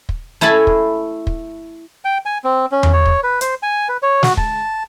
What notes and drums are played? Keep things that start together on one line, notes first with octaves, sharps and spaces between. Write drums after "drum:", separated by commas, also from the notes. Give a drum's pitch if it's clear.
drum: kick
A3 E4 G#5 A5 B5
drum: kick
drum: kick
G5
G#5
C4
C#4
drum: tom E2
C#5
drum: kick
B4
C5, drum: hi-hat
G#5
B4
C#5
F#4, drum: snare
A5, drum: kick